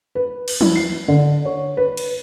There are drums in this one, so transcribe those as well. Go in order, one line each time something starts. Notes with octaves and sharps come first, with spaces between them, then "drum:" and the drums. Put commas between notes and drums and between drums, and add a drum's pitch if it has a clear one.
B4
drum: cymbal
E4, drum: tom
C7
D3
C#5
B4
drum: cymbal